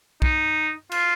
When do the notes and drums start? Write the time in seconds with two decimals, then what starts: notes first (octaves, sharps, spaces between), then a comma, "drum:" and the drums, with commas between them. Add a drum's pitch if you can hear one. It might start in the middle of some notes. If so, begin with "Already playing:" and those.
0.22 D#4, drum: kick
0.92 F4, drum: cymbal